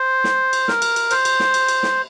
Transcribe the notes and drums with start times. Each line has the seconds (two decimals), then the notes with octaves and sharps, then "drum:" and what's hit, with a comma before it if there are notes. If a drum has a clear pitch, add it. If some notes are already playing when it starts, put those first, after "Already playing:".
Already playing: C5
0.24 drum: snare
0.53 drum: cymbal
0.68 A#4, drum: snare
0.82 drum: cymbal
0.96 drum: cymbal
1.11 C5, drum: cymbal
1.25 drum: cymbal
1.40 drum: snare
1.54 drum: cymbal
1.69 drum: cymbal
1.83 drum: snare